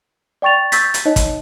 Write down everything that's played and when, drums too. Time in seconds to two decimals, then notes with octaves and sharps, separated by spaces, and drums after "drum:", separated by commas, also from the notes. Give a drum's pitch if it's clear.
0.42 D5 G5 C#6 A6 F7
0.72 C#6 E6 G6 A6 B6, drum: hi-hat
0.94 drum: hi-hat
1.05 D#4 C#5 D#5
1.16 drum: kick, hi-hat